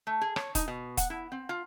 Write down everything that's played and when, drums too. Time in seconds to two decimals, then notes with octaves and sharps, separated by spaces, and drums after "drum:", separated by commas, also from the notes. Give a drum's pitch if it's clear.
0.07 A3
0.21 G#4
0.36 C#5, drum: rim click
0.55 D#4, drum: kick E1, hi-hat
0.68 B2
0.97 F#5, drum: kick E1, hi-hat
1.10 E4
1.32 C4
1.49 F4